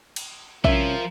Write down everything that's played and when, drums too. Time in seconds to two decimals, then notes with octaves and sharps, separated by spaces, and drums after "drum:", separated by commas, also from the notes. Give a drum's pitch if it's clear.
0.16 drum: cymbal
0.64 C2 F3 C#4 F4 A#4 E5, drum: kick A#1